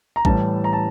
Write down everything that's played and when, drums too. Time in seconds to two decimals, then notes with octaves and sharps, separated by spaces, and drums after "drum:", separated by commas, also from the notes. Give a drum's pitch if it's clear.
0.16 A#5
0.25 A2 E3 G3 A5, drum: kick A1
0.64 A#5
0.73 A5